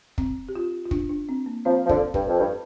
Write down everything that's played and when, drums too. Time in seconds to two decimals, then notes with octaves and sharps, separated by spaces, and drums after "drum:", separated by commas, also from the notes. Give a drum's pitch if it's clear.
0.18 C4, drum: kick
0.49 G4
0.56 F4
0.86 F4
0.91 D4, drum: kick
1.09 D4
1.29 C4
1.46 A#3
1.65 F3 C4
1.86 F3
1.89 D3, drum: kick
2.14 G2, drum: kick
2.28 F2
2.39 G2